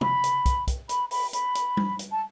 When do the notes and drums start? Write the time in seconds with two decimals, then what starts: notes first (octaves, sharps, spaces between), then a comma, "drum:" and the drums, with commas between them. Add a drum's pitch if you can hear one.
0.01 B5, drum: tom
0.24 drum: hi-hat
0.46 drum: kick, hi-hat
0.68 drum: kick, hi-hat
0.89 B5, drum: hi-hat
1.11 B5, drum: open hi-hat
1.33 B5, drum: hi-hat
1.55 drum: hi-hat
1.77 drum: tom G3
1.99 drum: hi-hat
2.11 A5